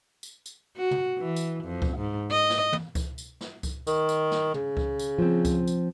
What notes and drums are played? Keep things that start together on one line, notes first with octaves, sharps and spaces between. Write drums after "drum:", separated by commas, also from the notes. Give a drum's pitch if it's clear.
drum: tambourine
drum: tambourine
F#4
drum: tom
E3
drum: tambourine
F2
drum: kick C#2
G#2
D#5
drum: snare
drum: tom
drum: kick C#2, tambourine
drum: tambourine
drum: snare
drum: kick C#2, tambourine
D#3, drum: tambourine
drum: tambourine
drum: snare
C#3, drum: tom
drum: kick C#2
drum: tambourine
F3 C4
drum: kick C#2, tambourine
drum: tambourine